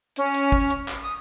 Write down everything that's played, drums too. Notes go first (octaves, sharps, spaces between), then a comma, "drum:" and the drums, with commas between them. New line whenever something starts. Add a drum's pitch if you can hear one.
C#4, drum: hi-hat
drum: hi-hat
drum: kick
drum: hi-hat
drum: clap
D#6